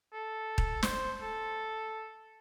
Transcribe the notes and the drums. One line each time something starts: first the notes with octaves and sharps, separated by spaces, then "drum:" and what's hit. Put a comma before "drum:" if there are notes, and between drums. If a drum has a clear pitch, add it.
A4
drum: kick D#1
C5, drum: snare
A4